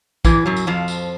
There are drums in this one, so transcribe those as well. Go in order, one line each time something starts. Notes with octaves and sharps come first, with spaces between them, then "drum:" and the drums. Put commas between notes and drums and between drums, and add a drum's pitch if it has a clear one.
E2 E3, drum: kick, tambourine
F#2 F#3
drum: tambourine
F2 F3
drum: tambourine